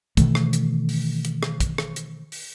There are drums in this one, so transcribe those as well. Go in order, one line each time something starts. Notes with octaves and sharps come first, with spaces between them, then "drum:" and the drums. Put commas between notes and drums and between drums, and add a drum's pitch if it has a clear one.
B2 D#3 E3 A3, drum: kick, hi-hat
drum: rim click
drum: hi-hat
drum: open hi-hat
drum: hi-hat
drum: rim click
drum: kick, hi-hat
drum: rim click
drum: hi-hat
drum: open hi-hat